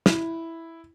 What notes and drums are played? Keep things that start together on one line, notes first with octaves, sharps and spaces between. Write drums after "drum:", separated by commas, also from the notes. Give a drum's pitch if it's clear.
E4, drum: snare